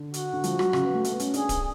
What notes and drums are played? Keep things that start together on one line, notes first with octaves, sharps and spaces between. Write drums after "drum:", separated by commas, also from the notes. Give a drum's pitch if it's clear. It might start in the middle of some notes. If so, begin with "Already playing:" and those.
Already playing: D3
F#4, drum: hi-hat
D3
F3, drum: hi-hat
G#3
F#3, drum: rim click
C#3, drum: rim click
B3
A3
A3, drum: hi-hat
B3
C#4, drum: hi-hat
D4 G#4, drum: hi-hat
drum: kick D1, hi-hat